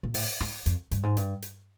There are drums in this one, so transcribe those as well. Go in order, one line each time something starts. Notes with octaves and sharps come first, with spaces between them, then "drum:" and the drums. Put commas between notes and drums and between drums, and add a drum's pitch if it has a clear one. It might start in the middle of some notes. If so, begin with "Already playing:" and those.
A#2
A2, drum: open hi-hat
G#2, drum: rim click
F2, drum: hi-hat
G2, drum: hi-hat
G#2
G2, drum: hi-hat
drum: hi-hat